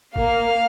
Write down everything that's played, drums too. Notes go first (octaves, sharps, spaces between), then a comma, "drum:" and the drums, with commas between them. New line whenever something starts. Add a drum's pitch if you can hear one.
A#3 F5, drum: kick F#1